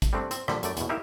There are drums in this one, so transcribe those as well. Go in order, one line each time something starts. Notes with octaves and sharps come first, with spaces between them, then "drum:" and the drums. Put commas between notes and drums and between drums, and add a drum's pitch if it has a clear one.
drum: kick, hi-hat
G3 A3 C4 D4
C4, drum: hi-hat
A#2 D3 F3 G3, drum: rim click
F#2 A3 D5, drum: hi-hat
E2 B2, drum: hi-hat
D#4 E4 G4 A#4 E5 F5